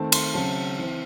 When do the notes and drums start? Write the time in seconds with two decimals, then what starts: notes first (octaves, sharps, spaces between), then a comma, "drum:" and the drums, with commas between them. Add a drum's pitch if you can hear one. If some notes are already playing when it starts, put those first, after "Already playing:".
Already playing: D#3 A3 C4 A5
0.12 C6, drum: cymbal
0.33 C#3 F#3 C4 A5
0.78 E3 C4